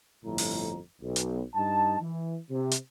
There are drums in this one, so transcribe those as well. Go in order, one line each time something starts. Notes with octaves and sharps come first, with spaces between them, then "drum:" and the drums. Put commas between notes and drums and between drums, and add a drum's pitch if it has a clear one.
G1 F2 A2 F3 A#5
drum: open hi-hat
B1
drum: hi-hat
G2 D#4 A5
E3
C3
drum: hi-hat